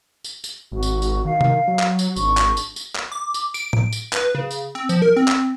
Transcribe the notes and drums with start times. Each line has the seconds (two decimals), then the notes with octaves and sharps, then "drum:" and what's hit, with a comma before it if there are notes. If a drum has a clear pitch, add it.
0.24 drum: tambourine
0.44 drum: tambourine
0.72 G#1 F#4
0.83 drum: tambourine
1.02 drum: tambourine
1.25 D#3 F5
1.41 drum: tom C3
1.68 F#3
1.79 drum: clap
1.99 drum: tambourine
2.16 G#1 D4 C#6, drum: tambourine
2.38 drum: clap
2.57 drum: tambourine
2.76 drum: tambourine
2.96 drum: clap
3.12 D6
3.34 drum: tambourine
3.54 D7, drum: tambourine
3.73 drum: tom A2
3.92 drum: tambourine
4.13 B4, drum: clap
4.35 C#3
4.51 drum: tambourine
4.75 C4
4.89 F3, drum: tambourine
5.02 A#4
5.16 C4
5.28 drum: clap